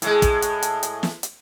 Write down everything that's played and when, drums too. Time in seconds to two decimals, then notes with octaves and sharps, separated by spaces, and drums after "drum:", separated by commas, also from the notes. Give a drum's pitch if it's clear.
0.02 A2 G#3, drum: hi-hat
0.22 drum: kick, hi-hat
0.42 drum: hi-hat
0.62 drum: hi-hat
0.83 drum: hi-hat
1.03 drum: snare
1.23 drum: hi-hat